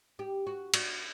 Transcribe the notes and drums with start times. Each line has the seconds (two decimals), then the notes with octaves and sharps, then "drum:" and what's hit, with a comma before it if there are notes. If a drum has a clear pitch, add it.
0.19 G4
0.47 F#4
0.74 F#4, drum: cymbal